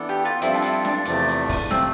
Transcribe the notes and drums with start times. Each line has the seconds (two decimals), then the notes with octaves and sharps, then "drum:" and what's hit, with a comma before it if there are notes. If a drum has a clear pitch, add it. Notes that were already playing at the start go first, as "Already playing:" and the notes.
Already playing: E3 B3 D4 A4
0.09 G4
0.25 F4
0.42 G2 F3 C4 E4 F4 A4, drum: hi-hat
0.54 D4
0.62 E4, drum: hi-hat
0.85 D4, drum: snare
1.06 E2 C3 F3 A3 D4, drum: hi-hat
1.28 drum: hi-hat
1.49 drum: kick, open hi-hat
1.70 C3 F3 A3 C4, drum: snare